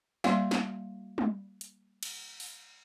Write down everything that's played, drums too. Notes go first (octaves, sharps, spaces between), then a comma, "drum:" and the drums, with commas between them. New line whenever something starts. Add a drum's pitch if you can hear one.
G3 A#3 F#4 D5 F5, drum: snare
drum: snare
drum: tom G3
drum: hi-hat
drum: cymbal
drum: open hi-hat